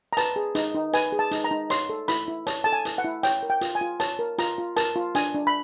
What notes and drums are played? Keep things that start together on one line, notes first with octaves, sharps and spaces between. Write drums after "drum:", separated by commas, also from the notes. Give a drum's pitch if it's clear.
A#5
B4 A5, drum: hi-hat
G#4
D#4, drum: hi-hat
D#4
B4 G#5, drum: hi-hat
G#4
A5
D#4, drum: hi-hat
A#5
D#4
C#5 C6, drum: hi-hat
A4
E4 B5, drum: hi-hat
E4
C#5 A5, drum: hi-hat
A4 A5
G#5
E4, drum: hi-hat
F#5
E4
C#5 G5, drum: hi-hat
A#4
G5
F4, drum: hi-hat
G#5
F4
C#5 A5, drum: hi-hat
A#4
F4 A#5, drum: hi-hat
F4
A#4 A5, drum: hi-hat
F4
D4 G#5, drum: hi-hat
D4
B5